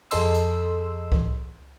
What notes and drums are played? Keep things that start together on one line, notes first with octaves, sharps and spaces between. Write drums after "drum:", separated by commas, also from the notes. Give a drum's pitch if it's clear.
F2 G#4 A4 D#5 C6 E6, drum: cymbal
drum: hi-hat
drum: kick C2